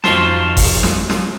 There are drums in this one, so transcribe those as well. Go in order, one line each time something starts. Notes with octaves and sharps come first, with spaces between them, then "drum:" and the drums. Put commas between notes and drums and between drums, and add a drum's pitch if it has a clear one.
F2 D#4 F4 F#4 C5 A5, drum: snare
drum: kick G1, open hi-hat
drum: snare
drum: snare